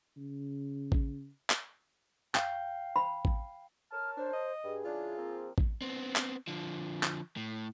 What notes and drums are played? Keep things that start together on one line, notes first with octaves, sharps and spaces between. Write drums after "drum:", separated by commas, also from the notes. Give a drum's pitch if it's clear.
C#3
drum: kick A1
drum: clap
F5 G5, drum: clap
B5
drum: kick A1
A#4 C#5 A5 F6
D4 C5
D#5
G2 G#4
C#3 E3 D4 F4
F3 A#3 C4
drum: kick A1
B3 C4
drum: clap
D3 F3
drum: clap
A2